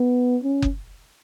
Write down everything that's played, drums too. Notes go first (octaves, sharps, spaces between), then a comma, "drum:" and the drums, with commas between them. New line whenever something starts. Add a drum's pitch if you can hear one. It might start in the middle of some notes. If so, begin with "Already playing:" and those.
Already playing: B3
C#4
drum: kick F#1